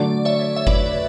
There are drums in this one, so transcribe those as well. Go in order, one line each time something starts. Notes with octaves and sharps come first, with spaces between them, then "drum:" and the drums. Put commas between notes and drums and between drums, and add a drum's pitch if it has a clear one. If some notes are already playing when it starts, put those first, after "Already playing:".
Already playing: D3 F#3 A3 D5
C#5 E5
E5
B4 D5, drum: kick G1